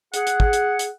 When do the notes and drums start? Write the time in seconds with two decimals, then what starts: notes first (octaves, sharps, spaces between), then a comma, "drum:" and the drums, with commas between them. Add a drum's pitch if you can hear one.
0.14 G#4 F#5, drum: hi-hat
0.27 drum: hi-hat
0.40 drum: kick
0.53 drum: hi-hat
0.79 drum: hi-hat